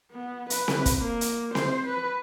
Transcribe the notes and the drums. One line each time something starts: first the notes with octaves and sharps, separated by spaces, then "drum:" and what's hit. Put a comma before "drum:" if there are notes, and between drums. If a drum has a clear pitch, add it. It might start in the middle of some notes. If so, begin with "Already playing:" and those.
B3
B4, drum: hi-hat
drum: snare C4
drum: kick, hi-hat
A#3
drum: hi-hat
C5, drum: snare C4
B4